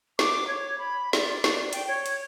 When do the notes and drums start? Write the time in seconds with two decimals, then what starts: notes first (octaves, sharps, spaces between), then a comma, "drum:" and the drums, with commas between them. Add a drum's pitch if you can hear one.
0.19 D6, drum: snare
0.48 C#5
0.78 B5
1.13 D5, drum: snare
1.44 drum: snare
1.73 G5, drum: hi-hat
1.88 C#5
2.06 drum: hi-hat